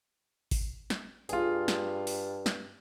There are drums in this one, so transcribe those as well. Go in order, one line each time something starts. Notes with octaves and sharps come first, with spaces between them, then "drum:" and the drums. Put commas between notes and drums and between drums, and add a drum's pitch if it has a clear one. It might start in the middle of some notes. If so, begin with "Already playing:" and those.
drum: kick G#1, open hi-hat
drum: snare
G2 F4 G#4, drum: hi-hat
drum: snare
drum: open hi-hat
drum: snare